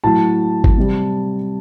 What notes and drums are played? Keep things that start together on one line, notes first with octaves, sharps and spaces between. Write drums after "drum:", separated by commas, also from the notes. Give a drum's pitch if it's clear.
A2 F#3 A5
drum: kick G#1
C3 G3